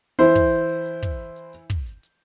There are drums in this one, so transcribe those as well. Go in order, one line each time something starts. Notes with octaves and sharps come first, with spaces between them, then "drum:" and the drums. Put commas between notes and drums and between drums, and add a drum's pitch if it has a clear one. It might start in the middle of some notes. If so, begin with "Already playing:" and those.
E3 E4 C5, drum: hi-hat
drum: kick, hi-hat
drum: hi-hat
drum: hi-hat
drum: hi-hat
drum: kick, hi-hat
drum: hi-hat
drum: hi-hat
drum: kick, hi-hat
drum: hi-hat
drum: hi-hat